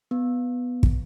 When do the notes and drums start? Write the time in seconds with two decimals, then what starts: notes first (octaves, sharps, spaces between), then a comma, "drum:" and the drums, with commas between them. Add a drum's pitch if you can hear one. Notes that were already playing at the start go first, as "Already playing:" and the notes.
0.11 B3
0.83 drum: kick